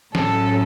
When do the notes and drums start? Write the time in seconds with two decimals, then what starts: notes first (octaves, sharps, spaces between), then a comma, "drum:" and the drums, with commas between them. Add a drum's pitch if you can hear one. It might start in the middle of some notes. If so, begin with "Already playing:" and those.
0.15 A2 F#3 C#4 A4, drum: snare